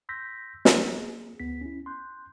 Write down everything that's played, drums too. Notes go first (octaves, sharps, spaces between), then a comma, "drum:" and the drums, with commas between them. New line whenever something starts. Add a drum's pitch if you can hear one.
C6 E6 G6 A#6 B6
E3 F#3, drum: snare
A#3 G#4
D2 B3 B6
C#4 E4
C6 F#6 G6